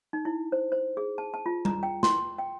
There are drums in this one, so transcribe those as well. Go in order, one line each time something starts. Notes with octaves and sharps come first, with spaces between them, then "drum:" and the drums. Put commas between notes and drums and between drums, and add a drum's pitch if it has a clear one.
D#4
E4
C5
C5
G#4
A5
A5
F4
A#5, drum: tom G3
G5
C6, drum: snare
G5